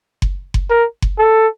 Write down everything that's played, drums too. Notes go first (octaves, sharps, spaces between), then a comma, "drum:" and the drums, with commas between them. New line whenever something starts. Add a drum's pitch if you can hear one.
drum: kick F#1
drum: kick F#1
A#4
drum: kick F#1
A4